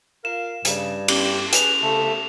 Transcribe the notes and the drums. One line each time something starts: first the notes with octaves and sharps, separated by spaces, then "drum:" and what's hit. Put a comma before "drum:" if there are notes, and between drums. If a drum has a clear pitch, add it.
F4 A#4 F5 E7
G2 C#3, drum: hi-hat
G4, drum: cymbal
G#4 B4 E7 F7, drum: hi-hat
C2 C#3 A3 E5